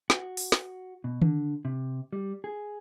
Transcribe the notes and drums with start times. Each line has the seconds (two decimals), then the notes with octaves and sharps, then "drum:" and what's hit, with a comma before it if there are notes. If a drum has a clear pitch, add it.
0.10 F#4, drum: snare
0.37 drum: open hi-hat
0.52 drum: snare
1.04 B2
1.22 D3, drum: tom D#3
1.65 C3
2.13 G3
2.44 G#4